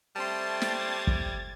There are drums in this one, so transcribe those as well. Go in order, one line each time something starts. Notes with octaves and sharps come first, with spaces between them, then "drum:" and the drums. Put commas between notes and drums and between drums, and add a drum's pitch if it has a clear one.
G3 A3 C4 A5 C6 G#6 A6
drum: snare
drum: kick